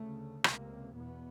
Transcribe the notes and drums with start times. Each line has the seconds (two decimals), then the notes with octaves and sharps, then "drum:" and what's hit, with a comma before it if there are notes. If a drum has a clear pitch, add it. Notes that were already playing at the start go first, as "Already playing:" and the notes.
Already playing: D2 C#3 A3
0.44 C#2 C3 A#3, drum: rim click
0.96 E2 B2 B3